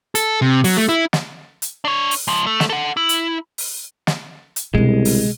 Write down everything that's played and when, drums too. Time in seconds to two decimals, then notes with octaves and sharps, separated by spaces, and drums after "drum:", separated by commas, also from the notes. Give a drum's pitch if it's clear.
0.15 A4, drum: hi-hat
0.42 C3
0.64 F#3, drum: open hi-hat
0.77 A3
0.89 E4
1.13 drum: snare
1.62 drum: hi-hat
1.85 D4 C#5
2.11 drum: open hi-hat
2.28 C#2 F3
2.46 A3
2.60 drum: snare
2.70 A4 F#5
2.97 E4
3.09 drum: hi-hat
3.58 drum: open hi-hat
4.07 drum: snare
4.56 drum: hi-hat
4.75 C2 B2 D3 G#3
5.05 drum: open hi-hat